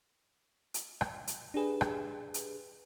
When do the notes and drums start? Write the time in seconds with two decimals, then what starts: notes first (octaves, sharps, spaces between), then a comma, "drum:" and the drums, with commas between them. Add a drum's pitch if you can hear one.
0.74 drum: hi-hat
1.01 drum: rim click
1.27 drum: hi-hat
1.54 D4 G4 G#4 B4
1.81 drum: rim click
2.34 drum: hi-hat